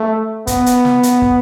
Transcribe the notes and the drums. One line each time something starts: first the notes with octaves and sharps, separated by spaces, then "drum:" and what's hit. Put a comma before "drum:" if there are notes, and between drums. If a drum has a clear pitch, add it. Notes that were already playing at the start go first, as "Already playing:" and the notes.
Already playing: A3
B3, drum: kick, hi-hat
drum: hi-hat
drum: snare
drum: hi-hat
drum: kick